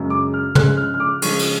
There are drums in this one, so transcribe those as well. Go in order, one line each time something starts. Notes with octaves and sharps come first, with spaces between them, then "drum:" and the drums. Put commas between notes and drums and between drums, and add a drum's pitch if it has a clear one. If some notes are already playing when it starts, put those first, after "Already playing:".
Already playing: F#2 C#3 G#3
D6
F6
C#3 F3 G#3 F#6, drum: tom
F6
F6
D6
C#3 F3 G#3 C#6, drum: cymbal
drum: cymbal